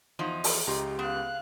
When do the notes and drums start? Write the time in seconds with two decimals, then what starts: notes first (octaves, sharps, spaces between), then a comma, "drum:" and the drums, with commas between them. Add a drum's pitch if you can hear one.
0.19 E2 F3 D#4
0.44 drum: open hi-hat
0.67 C#2 G4 D#5 A#5 C6
0.99 B3 F5 F#6